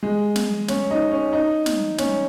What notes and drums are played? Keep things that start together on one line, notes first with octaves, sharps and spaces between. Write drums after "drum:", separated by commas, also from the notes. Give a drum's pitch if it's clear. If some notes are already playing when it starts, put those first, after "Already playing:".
G#3
drum: snare
C#4, drum: snare
D#4
C#4
D#4
drum: snare
C#4, drum: snare